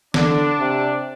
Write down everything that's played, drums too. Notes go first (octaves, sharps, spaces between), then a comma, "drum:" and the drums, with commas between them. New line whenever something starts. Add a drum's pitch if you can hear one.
D3 D4, drum: snare
C3